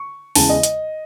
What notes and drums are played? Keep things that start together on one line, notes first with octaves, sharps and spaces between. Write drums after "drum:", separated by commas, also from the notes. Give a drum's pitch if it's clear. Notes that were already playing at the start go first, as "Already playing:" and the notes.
Already playing: C#6
E2 C#3 G#3 A5, drum: open hi-hat
D#5
drum: hi-hat